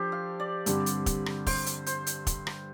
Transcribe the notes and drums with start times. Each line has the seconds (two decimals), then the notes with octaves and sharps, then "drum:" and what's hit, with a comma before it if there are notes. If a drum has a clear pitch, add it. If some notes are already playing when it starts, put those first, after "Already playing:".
Already playing: F3 D4 G4 A4 C5
0.12 F5
0.40 D5
0.66 G2 D3 G3 C4, drum: hi-hat
0.86 drum: hi-hat
1.06 drum: kick, hi-hat
1.26 drum: rim click
1.47 C5, drum: kick, open hi-hat
1.66 drum: hi-hat
1.86 C5, drum: hi-hat
2.07 drum: hi-hat
2.27 drum: kick, hi-hat
2.47 drum: rim click